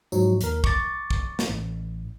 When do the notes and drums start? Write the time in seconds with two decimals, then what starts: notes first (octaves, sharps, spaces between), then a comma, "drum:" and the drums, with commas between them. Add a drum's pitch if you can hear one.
0.12 G#2 F3 F#3, drum: tambourine
0.41 D#2 A#4, drum: hi-hat
0.64 C#6 D6 A6, drum: kick
1.11 drum: kick
1.39 drum: snare
1.49 A1